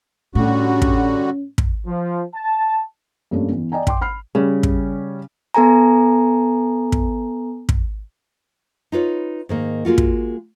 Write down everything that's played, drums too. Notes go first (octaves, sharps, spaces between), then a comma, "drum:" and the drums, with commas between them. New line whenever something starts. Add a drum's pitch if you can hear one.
A2 D3 G3 C#4 F#4
drum: kick
drum: kick
F3
A5
G2 C3 A3 A#3 C#4
E3 B3
D5 D#5 G5 G#5 A#5
G5 C6 D6, drum: kick
B5 F6 C7
C#3 G3 C#4
drum: kick
B3 A4 G#5 A#5
drum: kick
drum: kick
D#4 F4 B4 C#5
G#2 D#3 A#3
G#3 A#3 F4 F#4
drum: kick